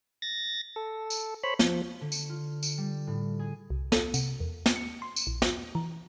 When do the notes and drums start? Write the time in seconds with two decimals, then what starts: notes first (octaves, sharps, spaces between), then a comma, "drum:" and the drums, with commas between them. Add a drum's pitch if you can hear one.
0.22 A6 A#6
0.76 A4
1.10 drum: tambourine
1.43 C5 C#5 B5
1.59 F3, drum: snare
2.01 D3
2.12 drum: tambourine
2.29 F4
2.63 drum: tambourine
2.78 G3
3.07 A2
3.39 G#4
3.70 C2
3.92 A4, drum: snare
4.14 C3, drum: tambourine
4.40 E2
4.66 drum: snare
4.76 C#7
5.02 C6
5.16 drum: tambourine
5.27 A#1
5.42 drum: snare
5.75 E3